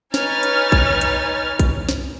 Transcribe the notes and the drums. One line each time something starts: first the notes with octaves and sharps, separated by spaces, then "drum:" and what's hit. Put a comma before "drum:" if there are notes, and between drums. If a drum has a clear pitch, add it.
D#4 B4 C#5 G#5 F6 A6, drum: snare
drum: hi-hat
drum: kick A#1
drum: hi-hat
drum: kick A#1, hi-hat
drum: snare